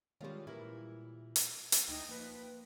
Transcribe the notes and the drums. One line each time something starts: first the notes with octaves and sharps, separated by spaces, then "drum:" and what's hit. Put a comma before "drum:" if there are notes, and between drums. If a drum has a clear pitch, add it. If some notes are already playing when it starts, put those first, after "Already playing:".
D#3 G3 G#3 C#4 F4 F#4
A#2 E3 G3 E4 A#4
drum: hi-hat
drum: hi-hat
D2 D#4 E4 G4
F3 A#3 B4 G5